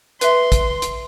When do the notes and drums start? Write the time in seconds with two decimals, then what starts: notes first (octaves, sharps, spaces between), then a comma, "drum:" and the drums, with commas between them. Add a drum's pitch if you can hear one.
0.21 B4 E5 C6, drum: hi-hat
0.52 drum: kick, hi-hat
0.82 drum: hi-hat